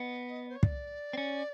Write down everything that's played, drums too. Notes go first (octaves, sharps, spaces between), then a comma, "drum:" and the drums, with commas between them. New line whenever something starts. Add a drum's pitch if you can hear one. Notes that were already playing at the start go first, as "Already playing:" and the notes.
Already playing: B3 D#5
C5
C#5
D5, drum: kick
C4
C#4